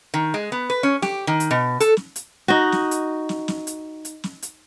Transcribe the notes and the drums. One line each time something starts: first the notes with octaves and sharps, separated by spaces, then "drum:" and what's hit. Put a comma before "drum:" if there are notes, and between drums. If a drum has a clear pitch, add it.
D#3
G#3
B3
B4
C#4
G4, drum: snare
D#3
drum: hi-hat
B2
A4, drum: hi-hat
drum: snare
drum: hi-hat
D#4 F#4
drum: snare
drum: hi-hat
drum: snare
drum: snare
drum: hi-hat
drum: hi-hat
drum: snare
drum: hi-hat